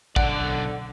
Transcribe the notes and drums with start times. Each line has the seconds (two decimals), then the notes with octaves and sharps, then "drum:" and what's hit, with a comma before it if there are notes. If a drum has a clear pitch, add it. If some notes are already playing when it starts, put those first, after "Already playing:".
0.16 B1 D3 D5 F#5, drum: kick